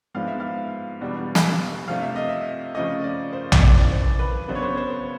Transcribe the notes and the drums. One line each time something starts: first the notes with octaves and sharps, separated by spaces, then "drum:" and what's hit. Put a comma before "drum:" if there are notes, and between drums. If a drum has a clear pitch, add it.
G#2 F3 G#3 B3 D4 F5
E5
F5
E2 B2 G3 B3 D4
drum: snare
C3 F3 A3 D4 F5
E5
D#5
E5
C#3 F3 A3 C#4 D#5
D5
C5
drum: tom A#1
F#2 C#3 E3 D5
C5
B4
C#3 F#3 B3 D4 C5
C#5
C5
C5